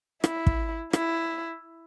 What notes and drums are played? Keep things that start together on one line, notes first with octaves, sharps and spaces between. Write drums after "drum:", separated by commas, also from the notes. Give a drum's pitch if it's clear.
E4, drum: rim click
drum: kick
E4, drum: rim click